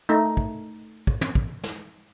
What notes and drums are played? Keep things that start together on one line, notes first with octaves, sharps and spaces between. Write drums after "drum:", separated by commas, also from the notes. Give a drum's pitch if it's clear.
A3 D#4
drum: kick
drum: kick
drum: tom
drum: kick
drum: snare